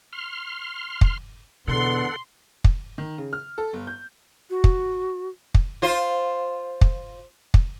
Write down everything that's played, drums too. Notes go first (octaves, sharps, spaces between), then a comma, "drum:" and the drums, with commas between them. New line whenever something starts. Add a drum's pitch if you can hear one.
C6 F6
drum: kick
E2 B2 D3 B3 A4 F#5 C6
drum: kick
D#3
C#3
F6
A4
G1
G6
F#4
drum: kick
drum: kick
F4 C5
drum: kick
drum: kick